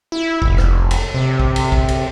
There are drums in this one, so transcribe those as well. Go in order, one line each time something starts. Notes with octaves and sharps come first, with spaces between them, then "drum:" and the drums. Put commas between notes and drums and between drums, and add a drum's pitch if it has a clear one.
E4
F1, drum: kick B1
drum: rim click
drum: cymbal
C3
drum: kick B1
drum: cymbal
drum: kick B1
drum: cymbal